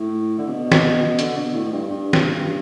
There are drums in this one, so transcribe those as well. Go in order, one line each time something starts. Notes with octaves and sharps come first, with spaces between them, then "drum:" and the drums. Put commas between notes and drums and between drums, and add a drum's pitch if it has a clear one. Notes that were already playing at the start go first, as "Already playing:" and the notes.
Already playing: A2
D3
B2
drum: snare
D3, drum: hi-hat
B2
A2
G2
G2
drum: snare